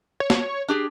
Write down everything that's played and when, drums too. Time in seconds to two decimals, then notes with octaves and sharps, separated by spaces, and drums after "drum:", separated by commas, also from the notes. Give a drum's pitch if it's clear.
0.20 C#5
0.30 drum: snare
0.68 D4 G4 G#4